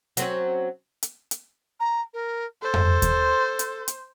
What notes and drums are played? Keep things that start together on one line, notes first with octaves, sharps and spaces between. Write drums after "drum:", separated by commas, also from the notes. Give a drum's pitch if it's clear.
F#3 C4 C#4, drum: hi-hat
drum: hi-hat
drum: hi-hat
A#5
A#4
A4 C5
drum: tom F2
drum: kick D#2, hi-hat
drum: hi-hat
drum: hi-hat